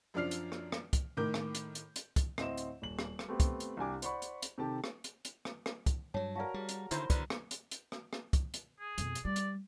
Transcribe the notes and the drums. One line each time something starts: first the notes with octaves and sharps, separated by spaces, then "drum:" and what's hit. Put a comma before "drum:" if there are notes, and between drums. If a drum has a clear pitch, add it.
F#2 F3 D4 D5 F6 C7
drum: hi-hat
drum: rim click
drum: rim click
drum: kick, hi-hat
A2 D#3 A#4 D6 G6
drum: rim click
drum: hi-hat
drum: hi-hat
drum: hi-hat
drum: kick, hi-hat
D2 A2 C4 D#5 E5 E7, drum: rim click
drum: hi-hat
D#1 F#7
drum: rim click
drum: rim click
A3 B3 C4 G4
drum: kick, hi-hat
drum: hi-hat
C2 D4 G4 G#5 D6
C5 D5 F#5 B5 C#6, drum: hi-hat
drum: hi-hat
drum: hi-hat
C3 D#3 G4 A4 A5
drum: rim click
drum: hi-hat
drum: hi-hat
drum: rim click
drum: rim click
drum: kick, hi-hat
G2 F#3 C#5 A5
F#4 A#4 D5 F5 A5
G3 G#4
drum: hi-hat
D3 D#3 E4 C5 A#5 C6, drum: hi-hat
D2 D3 B4 D5, drum: kick, hi-hat
drum: rim click
drum: hi-hat
drum: hi-hat
drum: rim click
drum: rim click
drum: kick, hi-hat
drum: hi-hat
G#4
F2 B2, drum: hi-hat
drum: hi-hat
G3 D5
drum: hi-hat